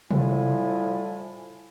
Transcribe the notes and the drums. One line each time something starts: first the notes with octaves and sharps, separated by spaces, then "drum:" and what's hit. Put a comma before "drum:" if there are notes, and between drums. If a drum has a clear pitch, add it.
A2 F3 G3 E4 G#5, drum: tom C3